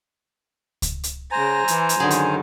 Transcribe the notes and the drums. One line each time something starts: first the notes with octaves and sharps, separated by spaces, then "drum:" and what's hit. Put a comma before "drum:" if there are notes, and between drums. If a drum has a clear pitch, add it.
drum: kick C#2, hi-hat
drum: hi-hat
C#3 C5 G#5 A#5 A#6
E3, drum: hi-hat
drum: hi-hat
F#2 D3 D#3 G#4
drum: hi-hat